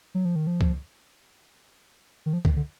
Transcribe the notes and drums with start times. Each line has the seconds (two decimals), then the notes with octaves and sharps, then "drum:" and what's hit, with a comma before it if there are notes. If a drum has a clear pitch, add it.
0.15 F#3
0.25 F3
0.36 D#3
0.47 F3
0.61 drum: kick C#2
2.26 D#3
2.33 F3
2.45 D#3, drum: kick C#2
2.56 D3